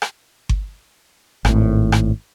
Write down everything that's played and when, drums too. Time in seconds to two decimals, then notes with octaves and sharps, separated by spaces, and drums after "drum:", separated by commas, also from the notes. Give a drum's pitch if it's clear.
0.02 drum: rim click
0.49 drum: kick G1
1.45 G#1 A2, drum: rim click
1.92 drum: rim click